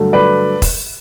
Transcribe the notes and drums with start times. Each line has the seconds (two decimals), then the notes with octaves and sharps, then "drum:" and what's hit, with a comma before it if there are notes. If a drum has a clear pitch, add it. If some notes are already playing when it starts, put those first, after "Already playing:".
Already playing: G2 D3 F#3 A3
0.13 B4 D5
0.62 drum: kick, open hi-hat